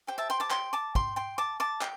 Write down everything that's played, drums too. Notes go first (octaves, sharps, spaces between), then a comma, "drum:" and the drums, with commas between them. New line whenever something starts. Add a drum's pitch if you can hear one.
G4 C5 G5
E5 A5
G5 C6
A5 D6
G5 C6, drum: clap
A5 D6
G5 C6, drum: kick
G5 C6
A5 D6
A5 D6
G5, drum: clap